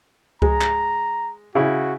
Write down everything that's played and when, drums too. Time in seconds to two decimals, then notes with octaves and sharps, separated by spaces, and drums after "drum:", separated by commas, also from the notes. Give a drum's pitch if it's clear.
0.42 G#3 A#5, drum: kick C#2
0.61 drum: clap
1.55 C#3 E4 F#4